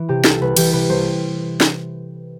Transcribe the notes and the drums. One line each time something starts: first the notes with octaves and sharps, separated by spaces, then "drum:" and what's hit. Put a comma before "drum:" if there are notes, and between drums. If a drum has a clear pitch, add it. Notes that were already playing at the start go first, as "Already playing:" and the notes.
Already playing: E3
C3 G4
C2 A4, drum: snare
C2 B4
E3 G4, drum: cymbal
C3 B4
C2 C5
drum: snare